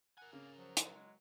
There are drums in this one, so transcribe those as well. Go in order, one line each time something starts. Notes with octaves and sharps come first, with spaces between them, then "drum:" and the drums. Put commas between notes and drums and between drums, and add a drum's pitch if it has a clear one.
A#4 F#5 G#5
C#3 A#3
F3 F#3
drum: hi-hat
G#3